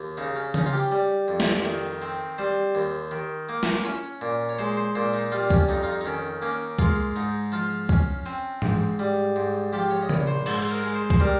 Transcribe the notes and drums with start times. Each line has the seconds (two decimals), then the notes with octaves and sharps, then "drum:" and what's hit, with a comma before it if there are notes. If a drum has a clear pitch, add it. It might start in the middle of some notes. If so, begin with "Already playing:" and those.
Already playing: D#2
0.17 C#3 D#4
0.36 C#4
0.54 C#4 D#4, drum: tom C#3
0.66 F4
0.73 G4
0.91 G3
1.28 F2
1.40 drum: snare
1.65 D#3, drum: cymbal
2.02 C4
2.38 G3 C5
2.75 D#2
3.11 D#3
3.49 A#3
3.63 drum: snare
3.85 C#4 C#5
4.21 A#2
4.49 C#5
4.58 G#3 C5
4.77 C5
4.95 A#2 C5
5.13 D#4
5.32 G3 F4
5.50 C#4, drum: kick C2
5.69 F2 D#4
5.83 F4
5.87 D#4
6.01 D#4
6.06 D#3 C#4
6.42 A#3 C#4
6.79 G#3 F4, drum: kick C2
7.16 G#2 D#4
7.52 F3 F4
7.89 C#4, drum: kick C2
8.26 C4, drum: tambourine
8.62 G#2, drum: tom
8.99 G3
9.36 G#2
9.73 F3 G4
9.90 C#5
10.02 D#5
10.09 A#1 C#5, drum: tom C#3
10.27 C5
10.46 G#2 C5, drum: cymbal
10.71 A#4
10.83 G#3
10.95 C5
11.10 C5, drum: kick C2
11.20 G3 A#4